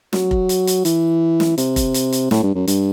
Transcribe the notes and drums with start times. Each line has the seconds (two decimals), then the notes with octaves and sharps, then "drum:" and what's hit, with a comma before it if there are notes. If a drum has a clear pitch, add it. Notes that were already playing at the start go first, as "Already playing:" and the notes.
0.13 F#3, drum: snare
0.31 drum: kick F1
0.49 drum: hi-hat
0.67 drum: hi-hat
0.85 E3, drum: hi-hat
1.40 drum: snare
1.58 C3, drum: hi-hat
1.76 drum: kick F1, hi-hat
1.94 drum: hi-hat
2.12 drum: hi-hat
2.31 A2, drum: snare
2.43 G2
2.55 F#2
2.67 G2, drum: hi-hat